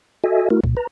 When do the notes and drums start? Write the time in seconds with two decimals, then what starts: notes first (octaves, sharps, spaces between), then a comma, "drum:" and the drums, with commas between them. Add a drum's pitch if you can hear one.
0.24 F#4 A4 D#5 E5 G#5
0.50 A3 E4 F#4 A#4
0.64 A#2, drum: kick C2
0.77 B4 A#5